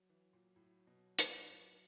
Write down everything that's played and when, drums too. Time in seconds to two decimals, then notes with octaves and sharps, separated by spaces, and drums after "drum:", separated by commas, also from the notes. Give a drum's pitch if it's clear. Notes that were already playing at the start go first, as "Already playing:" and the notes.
Already playing: F#3
0.09 E3
0.33 A#2
0.56 A2
0.87 B2
1.19 B2, drum: hi-hat
1.50 A2